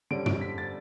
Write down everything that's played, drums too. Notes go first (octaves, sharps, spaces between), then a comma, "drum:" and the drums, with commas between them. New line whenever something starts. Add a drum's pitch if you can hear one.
D3 G3 C#4 D7
D7, drum: tom
B6
A6